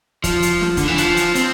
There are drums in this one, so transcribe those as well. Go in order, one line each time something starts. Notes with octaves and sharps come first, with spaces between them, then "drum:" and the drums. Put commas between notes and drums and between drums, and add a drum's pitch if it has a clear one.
F3, drum: kick, hi-hat
drum: hi-hat
drum: snare
D3, drum: kick, hi-hat
E3
F3, drum: hi-hat
drum: hi-hat
C4, drum: hi-hat